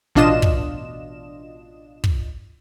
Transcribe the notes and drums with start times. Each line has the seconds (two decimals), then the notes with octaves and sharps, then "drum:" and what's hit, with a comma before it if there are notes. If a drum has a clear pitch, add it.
0.15 A1 B2 D4 F4 D#5 E7
0.42 drum: kick
2.04 drum: kick